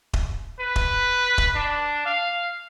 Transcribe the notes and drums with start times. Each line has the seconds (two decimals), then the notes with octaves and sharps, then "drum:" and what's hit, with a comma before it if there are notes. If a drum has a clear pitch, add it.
0.13 drum: kick D#1
0.60 B4
0.76 drum: kick D#1
1.38 drum: kick D#1
1.55 D4
2.06 F5